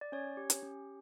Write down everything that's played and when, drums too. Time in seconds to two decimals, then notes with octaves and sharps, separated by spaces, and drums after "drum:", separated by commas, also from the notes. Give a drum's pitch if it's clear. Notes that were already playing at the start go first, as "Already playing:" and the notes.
0.01 D5
0.12 C#4 C#5
0.37 G4
0.50 drum: hi-hat
0.63 C#4